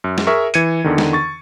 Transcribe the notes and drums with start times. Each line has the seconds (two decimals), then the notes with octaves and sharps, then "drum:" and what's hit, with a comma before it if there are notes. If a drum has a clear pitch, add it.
0.04 F#2
0.18 drum: snare
0.27 G#4 A#4 E5 C#6
0.54 E3 G#6 C#7 D#7, drum: hi-hat
0.84 E2 D3 D#3
0.98 drum: snare
1.13 C#6 A6